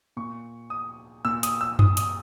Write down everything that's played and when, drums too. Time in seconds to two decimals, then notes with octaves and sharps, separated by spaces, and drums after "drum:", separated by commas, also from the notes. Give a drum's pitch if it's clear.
0.17 A#2 C#6
0.70 D#6
1.25 A#2 E6
1.43 D#6, drum: hi-hat
1.61 E6
1.79 D#6, drum: tom F#2
1.97 D#6, drum: hi-hat